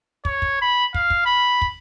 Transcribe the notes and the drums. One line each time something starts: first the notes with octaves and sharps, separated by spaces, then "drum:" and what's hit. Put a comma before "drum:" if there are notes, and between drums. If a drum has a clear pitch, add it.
C#5, drum: kick
drum: kick
B5
F5, drum: kick
drum: kick
B5
drum: kick